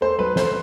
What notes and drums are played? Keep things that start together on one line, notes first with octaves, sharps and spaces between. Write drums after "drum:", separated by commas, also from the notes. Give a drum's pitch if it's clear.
A3 C5
F#3 B4
A3 C5, drum: snare